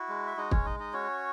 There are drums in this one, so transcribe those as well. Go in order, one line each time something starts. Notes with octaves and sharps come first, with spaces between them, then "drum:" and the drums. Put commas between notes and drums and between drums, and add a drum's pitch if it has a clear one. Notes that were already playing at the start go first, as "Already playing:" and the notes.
Already playing: E4 F#4
G#3
E5
G#3 D#4 D#5
C#4 C#5, drum: kick
D#4 D#5
D#4 D#5
C#4 F#4 C#5